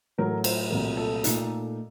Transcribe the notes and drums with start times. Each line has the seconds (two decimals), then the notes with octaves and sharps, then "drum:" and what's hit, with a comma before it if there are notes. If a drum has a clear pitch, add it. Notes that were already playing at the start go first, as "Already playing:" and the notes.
0.18 A2 F#3 A3 A#4
0.44 C5, drum: cymbal
0.70 C2 A#2 F#3 A3 A#4
0.97 A4
1.24 A#2 A3 D#4, drum: hi-hat